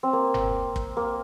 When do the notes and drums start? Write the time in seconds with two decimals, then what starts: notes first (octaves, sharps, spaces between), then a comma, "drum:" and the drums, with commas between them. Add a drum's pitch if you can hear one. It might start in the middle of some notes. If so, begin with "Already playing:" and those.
0.03 C4
0.13 A#3
0.34 drum: tom F#1
0.76 drum: kick
0.97 A#3